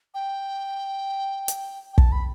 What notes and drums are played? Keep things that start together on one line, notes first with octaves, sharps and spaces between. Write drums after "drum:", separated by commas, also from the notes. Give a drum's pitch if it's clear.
G5
drum: hi-hat
G5
A5, drum: kick
B5